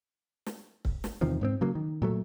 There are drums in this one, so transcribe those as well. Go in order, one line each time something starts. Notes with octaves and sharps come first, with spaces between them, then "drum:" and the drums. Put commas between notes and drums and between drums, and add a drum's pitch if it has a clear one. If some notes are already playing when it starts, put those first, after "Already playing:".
drum: snare
drum: kick C#1
drum: snare
E2 C3 D#3 F3
G#2 B3 C4
C#3 F#3 A#3
D#3
A#2 F#3 A3